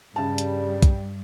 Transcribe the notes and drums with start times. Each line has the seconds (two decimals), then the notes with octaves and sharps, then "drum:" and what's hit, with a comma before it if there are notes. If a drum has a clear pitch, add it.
0.16 G2 C#3 G3 A5
0.38 drum: hi-hat
0.82 drum: kick, hi-hat